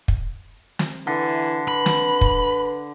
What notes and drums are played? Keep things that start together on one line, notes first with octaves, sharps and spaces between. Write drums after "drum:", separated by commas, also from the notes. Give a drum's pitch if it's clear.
drum: kick
drum: snare
D3 E3
B4 B5
drum: snare
drum: kick